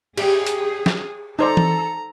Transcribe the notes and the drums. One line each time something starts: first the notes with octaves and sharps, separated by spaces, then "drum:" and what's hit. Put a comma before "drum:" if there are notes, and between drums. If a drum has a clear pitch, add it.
G4 G#4, drum: cymbal
drum: hi-hat
drum: snare
D#4 A4 C5 D5 A#5
drum: tom E3